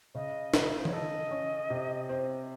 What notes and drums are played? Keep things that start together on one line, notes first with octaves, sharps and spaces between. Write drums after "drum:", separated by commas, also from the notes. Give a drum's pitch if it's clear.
C#3 D#5
C#3, drum: snare
A#4
C5
C#5, drum: tom D#3
A4 D#5
C#4
C3
C4